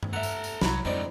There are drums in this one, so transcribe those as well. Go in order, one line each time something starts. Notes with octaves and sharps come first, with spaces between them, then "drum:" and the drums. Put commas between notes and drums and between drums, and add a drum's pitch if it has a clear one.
drum: tom G2
A4 E5 F#5 A#5
drum: tambourine
drum: tambourine
C2 F#3 E4 B5, drum: snare
F2 G#2 D3 C4 D#4 D5